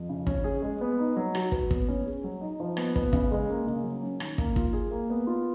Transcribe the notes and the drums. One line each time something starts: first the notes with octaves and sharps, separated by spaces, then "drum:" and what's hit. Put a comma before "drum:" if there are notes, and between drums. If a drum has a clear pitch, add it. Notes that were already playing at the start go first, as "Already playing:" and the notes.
Already playing: F2
C#3
C#4, drum: kick
G#4
G#3
B3
D#4
F#3
F#4, drum: rim click
B4, drum: kick
B3, drum: kick
C#4
G#4
F#3
D#4
F3
B3, drum: rim click
B3, drum: kick
C#3, drum: kick
G#3
A#3
C#3
F#3
C#4
D#3, drum: rim click
A#3, drum: kick
F4, drum: kick
G#4
A#3
B3
F4